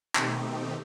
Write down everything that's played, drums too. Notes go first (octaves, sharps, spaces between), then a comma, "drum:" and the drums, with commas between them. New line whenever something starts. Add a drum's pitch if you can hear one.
B2 D#3 A3 C4 D#4 G4, drum: clap